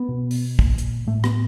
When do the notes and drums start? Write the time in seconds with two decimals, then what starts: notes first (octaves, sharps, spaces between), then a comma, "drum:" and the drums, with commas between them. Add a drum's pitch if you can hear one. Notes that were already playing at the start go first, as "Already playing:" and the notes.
Already playing: B3
0.09 B2
0.31 drum: open hi-hat
0.59 A#2, drum: kick
0.78 drum: hi-hat
1.07 A2 A3
1.24 B3, drum: rim click